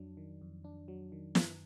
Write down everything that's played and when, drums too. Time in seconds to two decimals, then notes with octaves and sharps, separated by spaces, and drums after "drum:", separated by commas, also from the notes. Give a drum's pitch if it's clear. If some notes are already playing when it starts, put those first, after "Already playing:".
Already playing: F2 F#3 D4
0.17 D#3
0.41 F2
0.64 D4
0.88 F#3
1.12 D#3
1.35 F#2, drum: snare